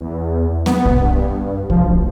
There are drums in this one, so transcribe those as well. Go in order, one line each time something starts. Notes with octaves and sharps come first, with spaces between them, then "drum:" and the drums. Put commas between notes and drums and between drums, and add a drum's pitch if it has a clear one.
E2
B3, drum: snare C4
drum: kick
G2
F3, drum: kick
D1